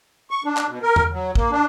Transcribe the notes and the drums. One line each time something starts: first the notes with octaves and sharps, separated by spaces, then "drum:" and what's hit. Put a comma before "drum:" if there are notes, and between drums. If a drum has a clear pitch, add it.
C#6
D4
drum: clap
B2
A#4
drum: tom E2
F#3
A#3, drum: kick
D4